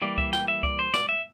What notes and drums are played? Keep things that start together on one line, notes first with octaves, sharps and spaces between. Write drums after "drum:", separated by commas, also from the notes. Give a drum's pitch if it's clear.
E3 G3 A#3 D5
E5, drum: kick C#2
G5, drum: snare
E5
D5, drum: kick C#2
C5
D5, drum: snare
E5